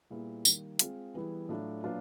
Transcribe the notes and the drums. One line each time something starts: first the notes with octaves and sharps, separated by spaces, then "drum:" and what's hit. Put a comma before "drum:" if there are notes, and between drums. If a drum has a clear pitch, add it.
A#2 G3 B3 E4 G#4
D#3 G3 A#3, drum: tambourine
G#3 C4 F4 G#4, drum: hi-hat
E3 G3 B3 E4 G#4
A2 F#3 A3 D4 F4
A#2 F#3 B3 D4 F4